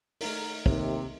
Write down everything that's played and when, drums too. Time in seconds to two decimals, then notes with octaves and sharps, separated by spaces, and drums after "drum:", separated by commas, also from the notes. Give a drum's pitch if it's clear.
0.21 A3 D#4 A#4, drum: open hi-hat
0.66 D#2 C3, drum: kick